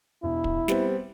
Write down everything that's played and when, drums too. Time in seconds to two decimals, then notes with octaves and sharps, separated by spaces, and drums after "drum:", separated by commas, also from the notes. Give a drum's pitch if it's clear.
0.23 E1 E4
0.44 drum: kick
0.68 G3 B3 C4, drum: snare